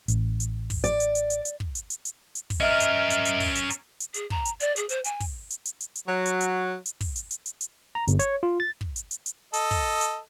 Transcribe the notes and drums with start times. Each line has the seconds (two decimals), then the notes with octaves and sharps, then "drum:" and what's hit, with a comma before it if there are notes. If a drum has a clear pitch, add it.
0.08 A1, drum: hi-hat
0.40 drum: hi-hat
0.70 drum: kick, open hi-hat
0.84 D5, drum: hi-hat
1.00 drum: hi-hat
1.15 drum: hi-hat
1.30 drum: hi-hat
1.45 drum: hi-hat
1.60 drum: kick
1.75 drum: hi-hat
1.90 drum: hi-hat
2.05 drum: hi-hat
2.35 drum: hi-hat
2.50 drum: kick, open hi-hat
2.60 C#4 A#4 D#5 E5 F6
2.80 drum: hi-hat
3.10 drum: hi-hat
3.25 drum: hi-hat
3.40 drum: kick, open hi-hat
3.55 drum: hi-hat
3.70 drum: hi-hat
4.00 drum: hi-hat
4.14 G#4, drum: hi-hat
4.30 A#5, drum: kick
4.45 drum: hi-hat
4.60 D5, drum: hi-hat
4.76 G#4, drum: hi-hat
4.89 C5, drum: hi-hat
5.04 G#5, drum: hi-hat
5.20 drum: kick, open hi-hat
5.50 drum: hi-hat
5.65 drum: hi-hat
5.80 drum: hi-hat
5.95 drum: hi-hat
6.07 F#3
6.25 drum: hi-hat
6.40 drum: hi-hat
6.86 drum: hi-hat
7.01 drum: kick, open hi-hat
7.16 drum: hi-hat
7.31 drum: hi-hat
7.46 drum: hi-hat
7.61 drum: hi-hat
7.95 A#5
8.08 G1, drum: hi-hat
8.19 C#5, drum: hi-hat
8.43 F4
8.60 A6
8.81 drum: kick
8.96 drum: hi-hat
9.11 drum: hi-hat
9.26 drum: hi-hat
9.53 A4 D#5, drum: hi-hat
9.71 drum: kick, open hi-hat
10.01 drum: hi-hat